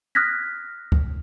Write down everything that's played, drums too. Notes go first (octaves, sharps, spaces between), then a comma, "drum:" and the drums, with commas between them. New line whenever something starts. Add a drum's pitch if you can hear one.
D#6 F6 F#6 G#6 A#6 B6
drum: kick C#2